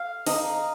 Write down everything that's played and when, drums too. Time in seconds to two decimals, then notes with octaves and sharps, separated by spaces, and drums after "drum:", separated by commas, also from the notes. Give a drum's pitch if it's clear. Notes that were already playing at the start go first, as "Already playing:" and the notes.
Already playing: F5
0.26 D#4, drum: open hi-hat